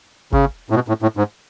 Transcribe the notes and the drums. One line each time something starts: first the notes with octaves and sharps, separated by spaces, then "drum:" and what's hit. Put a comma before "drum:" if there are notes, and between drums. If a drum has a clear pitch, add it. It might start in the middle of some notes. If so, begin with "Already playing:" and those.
C#3, drum: kick G#1
A2
B2
A2
A2
G#2